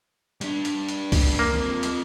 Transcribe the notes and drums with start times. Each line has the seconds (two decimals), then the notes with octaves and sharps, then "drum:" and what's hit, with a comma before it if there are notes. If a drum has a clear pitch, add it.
0.41 G3 D4, drum: hi-hat
0.65 drum: hi-hat
0.88 drum: hi-hat
1.12 drum: kick C#2, open hi-hat
1.39 A#3
1.54 F2 F3
1.83 drum: hi-hat